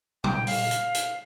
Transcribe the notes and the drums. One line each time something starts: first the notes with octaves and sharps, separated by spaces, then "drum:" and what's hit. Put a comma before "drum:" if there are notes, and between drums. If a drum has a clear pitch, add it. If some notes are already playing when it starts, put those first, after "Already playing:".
G5, drum: tom
F5, drum: open hi-hat
drum: hi-hat
drum: hi-hat